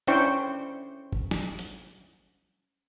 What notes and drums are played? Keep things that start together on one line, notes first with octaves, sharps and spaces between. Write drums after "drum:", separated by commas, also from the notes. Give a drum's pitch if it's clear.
C#4 D4 E4 C5 G5 C#6, drum: hi-hat
drum: kick
drum: snare
drum: hi-hat